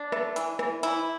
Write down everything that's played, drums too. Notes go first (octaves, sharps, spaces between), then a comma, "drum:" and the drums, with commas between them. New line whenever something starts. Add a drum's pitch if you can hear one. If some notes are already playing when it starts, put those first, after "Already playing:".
Already playing: D4
A3, drum: rim click
E3, drum: hi-hat
E3, drum: rim click
E3 E4, drum: hi-hat